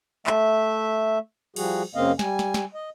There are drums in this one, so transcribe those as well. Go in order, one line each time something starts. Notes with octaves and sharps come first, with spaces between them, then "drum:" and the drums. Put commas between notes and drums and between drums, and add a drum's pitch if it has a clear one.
A3 E5, drum: clap
F3 G3 F#4 G#4, drum: cymbal
F#2 C#3 A#3 C4 D#5 F5
G3 G#5, drum: snare
drum: snare
drum: snare
D#5